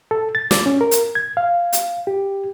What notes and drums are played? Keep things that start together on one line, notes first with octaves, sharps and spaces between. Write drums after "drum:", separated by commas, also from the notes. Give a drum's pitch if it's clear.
A4
A6
D6, drum: snare
C#4
A#4
drum: hi-hat
G#6
F5
drum: hi-hat
G4